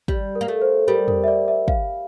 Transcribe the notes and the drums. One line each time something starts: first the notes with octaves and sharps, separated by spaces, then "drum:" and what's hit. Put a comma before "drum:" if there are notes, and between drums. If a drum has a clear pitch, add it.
G3, drum: kick
A#4
A#3
A3
C5
G3 A#4
A#4, drum: tom E2
E5
D5
E5
F5, drum: kick